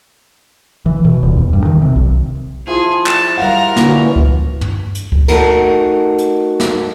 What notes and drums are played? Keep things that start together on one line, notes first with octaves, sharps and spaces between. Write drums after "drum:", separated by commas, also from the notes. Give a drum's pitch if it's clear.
E3
B2
D#1
E2
G2
D#3
C3
B1
F3 E4 G#4
A5, drum: clap
G3 A#4 F5 F#5 A#5
D3 E3 A#3 C#4 D4 F#4, drum: snare
drum: kick C#2
drum: tom
drum: hi-hat
drum: kick C#2
A3 D#4 F#4 A#4, drum: cymbal
drum: hi-hat
drum: snare